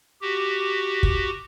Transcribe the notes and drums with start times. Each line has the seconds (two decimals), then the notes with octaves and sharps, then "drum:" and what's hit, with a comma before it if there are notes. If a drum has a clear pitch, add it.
0.22 F#4 G4
1.03 drum: kick